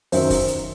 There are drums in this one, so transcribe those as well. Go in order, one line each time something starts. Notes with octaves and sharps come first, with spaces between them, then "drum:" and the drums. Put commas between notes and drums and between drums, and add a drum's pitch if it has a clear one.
F#2 D#3 F#3 C5 E5, drum: open hi-hat
drum: kick, open hi-hat
drum: hi-hat